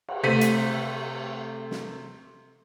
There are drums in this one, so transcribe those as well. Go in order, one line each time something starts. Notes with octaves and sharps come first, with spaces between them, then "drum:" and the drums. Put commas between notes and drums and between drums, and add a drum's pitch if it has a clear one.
drum: cymbal
C3 A3 B6 D#7
drum: hi-hat
drum: snare